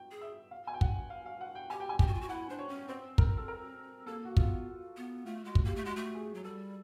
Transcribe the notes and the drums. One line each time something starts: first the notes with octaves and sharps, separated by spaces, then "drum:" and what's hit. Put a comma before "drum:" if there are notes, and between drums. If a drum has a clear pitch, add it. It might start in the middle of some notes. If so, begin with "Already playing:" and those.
Already playing: G5
G#4
E5
F5
G#5
G5
F#5, drum: kick
F5
F5
F#5
G5
G4 G#5
G5
G#5
G4 G5, drum: kick
F#4
F4
F#4
E4 F#5
D4 C5
C#5
C#4
C4 C5
A#4, drum: kick
A4
A#4
A#3 A4
F#4
B3 F4, drum: kick
B3
A3 F4
G#3 F#4
drum: kick
A#3 G4
A3
G#3 F#4
A3
G#4
F#3
G3 A4